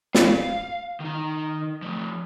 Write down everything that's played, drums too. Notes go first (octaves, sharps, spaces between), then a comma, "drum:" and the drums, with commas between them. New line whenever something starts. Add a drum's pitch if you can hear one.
F5, drum: snare
D#3 D#4
F3 A3